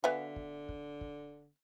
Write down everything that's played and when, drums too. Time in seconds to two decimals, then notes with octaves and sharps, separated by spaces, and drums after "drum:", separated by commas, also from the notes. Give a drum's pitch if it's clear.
0.04 D3 B3 F#4 E5 F5 G#5
0.36 drum: kick
0.69 drum: kick
1.01 drum: kick